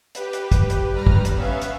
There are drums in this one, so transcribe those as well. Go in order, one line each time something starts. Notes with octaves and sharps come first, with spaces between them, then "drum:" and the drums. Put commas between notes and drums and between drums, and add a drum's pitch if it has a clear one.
G4 B4, drum: hi-hat
drum: hi-hat
drum: kick, hi-hat
drum: hi-hat
G2 G3 B4 A#5 F6
drum: kick
drum: hi-hat
B3 C#4 B4 E5 F5
drum: hi-hat